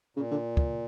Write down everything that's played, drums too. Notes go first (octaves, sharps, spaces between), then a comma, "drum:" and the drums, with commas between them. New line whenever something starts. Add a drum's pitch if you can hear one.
A#2 C#3
D3
drum: kick